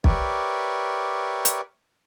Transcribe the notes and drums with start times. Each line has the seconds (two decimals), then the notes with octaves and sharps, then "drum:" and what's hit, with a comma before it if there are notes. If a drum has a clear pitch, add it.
0.04 G4 A#4 B4 C#5 D5 E5, drum: kick
1.45 drum: hi-hat